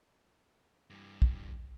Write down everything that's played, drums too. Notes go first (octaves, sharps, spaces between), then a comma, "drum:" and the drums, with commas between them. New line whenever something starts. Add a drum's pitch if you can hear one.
G2 E3
drum: kick